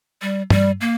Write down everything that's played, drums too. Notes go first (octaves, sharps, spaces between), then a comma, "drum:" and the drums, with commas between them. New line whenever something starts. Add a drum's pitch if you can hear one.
G3
G3, drum: tom G2
A#3